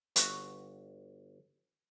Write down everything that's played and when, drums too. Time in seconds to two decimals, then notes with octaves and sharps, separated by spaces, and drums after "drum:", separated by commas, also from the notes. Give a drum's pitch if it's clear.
0.16 G1 F#4, drum: hi-hat